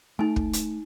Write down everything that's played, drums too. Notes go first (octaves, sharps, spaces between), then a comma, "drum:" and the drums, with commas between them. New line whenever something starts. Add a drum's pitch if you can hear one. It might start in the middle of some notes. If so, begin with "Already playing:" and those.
A3 D#4 G#5
drum: kick
drum: hi-hat